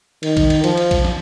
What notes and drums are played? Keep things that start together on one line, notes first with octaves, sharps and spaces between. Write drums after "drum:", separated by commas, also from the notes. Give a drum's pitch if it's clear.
D#3, drum: cymbal
drum: kick A#1, cymbal
drum: cymbal
F3, drum: cymbal
drum: cymbal
drum: kick A#1, cymbal
drum: snare